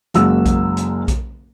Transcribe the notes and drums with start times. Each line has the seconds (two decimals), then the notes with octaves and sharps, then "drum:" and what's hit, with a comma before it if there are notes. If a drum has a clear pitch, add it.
0.14 F#1 G#3 A#3 F#4 E6, drum: hi-hat
0.46 drum: kick A#1, hi-hat
0.77 drum: hi-hat
1.08 drum: kick A#1, hi-hat